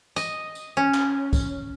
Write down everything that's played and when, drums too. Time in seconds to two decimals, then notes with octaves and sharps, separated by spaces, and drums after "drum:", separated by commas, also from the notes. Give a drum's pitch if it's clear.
0.16 D#5, drum: tambourine
0.55 drum: tambourine
0.77 C#4
0.94 drum: clap
1.33 drum: kick, tambourine